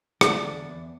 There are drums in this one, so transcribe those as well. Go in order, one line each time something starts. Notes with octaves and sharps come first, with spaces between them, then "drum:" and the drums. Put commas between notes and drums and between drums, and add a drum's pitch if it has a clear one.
D3 D4, drum: rim click
E2
E2